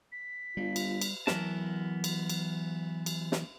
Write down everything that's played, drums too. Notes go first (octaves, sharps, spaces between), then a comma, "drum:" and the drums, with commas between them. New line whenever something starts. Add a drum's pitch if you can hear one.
B6
G1 G3 F4
drum: cymbal
drum: cymbal
E3 F#3 B3 A#4 A5, drum: snare
drum: cymbal
drum: cymbal
drum: cymbal
drum: snare